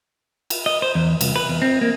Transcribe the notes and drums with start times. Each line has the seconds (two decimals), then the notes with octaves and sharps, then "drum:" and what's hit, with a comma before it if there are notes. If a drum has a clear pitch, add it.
0.50 drum: cymbal
0.66 D#5
0.82 C5
0.95 E2
1.21 C2, drum: cymbal
1.36 B4
1.49 E2
1.62 C4
1.81 A#3